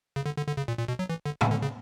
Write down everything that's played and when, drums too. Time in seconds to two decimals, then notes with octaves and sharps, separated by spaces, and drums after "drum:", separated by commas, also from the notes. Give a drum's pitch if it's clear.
0.16 C#3
0.26 D3
0.37 D3
0.47 D3
0.57 C#3
0.68 A#2
0.79 A#2
0.88 B2
0.99 F#3
1.10 E3
1.26 D3
1.41 C#3, drum: tom A2
1.51 D3
1.62 C#3